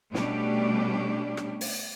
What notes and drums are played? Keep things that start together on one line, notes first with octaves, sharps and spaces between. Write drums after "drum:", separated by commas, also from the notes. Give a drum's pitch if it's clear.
B2 G3 A3 C#4 D4 G4, drum: snare
drum: rim click
drum: open hi-hat